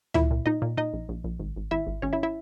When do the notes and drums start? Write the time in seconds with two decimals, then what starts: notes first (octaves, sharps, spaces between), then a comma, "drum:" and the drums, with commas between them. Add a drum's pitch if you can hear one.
0.14 A#2 E4 E5, drum: tom C#2
0.31 A#2
0.46 A#2 D#4 D#5
0.62 A#2
0.77 A#2 D#4 D#5
0.93 A#1
1.09 A#1
1.24 A#1
1.40 G#1
1.56 G#1
1.71 G#1 E4 E5
1.87 G#1
2.02 G#1 C#4 C#5
2.13 E4 E5
2.23 E4 E5